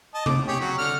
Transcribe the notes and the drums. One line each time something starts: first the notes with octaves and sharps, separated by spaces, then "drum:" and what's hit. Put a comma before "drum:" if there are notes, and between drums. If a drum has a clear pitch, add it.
D#5 A5
D6, drum: tom C3
G4 G#4 C#5
F#3
D3 F6